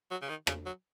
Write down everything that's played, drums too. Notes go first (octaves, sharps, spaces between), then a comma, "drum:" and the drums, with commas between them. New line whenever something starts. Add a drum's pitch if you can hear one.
F#3
C#3
D#3
C#3, drum: rim click
F#3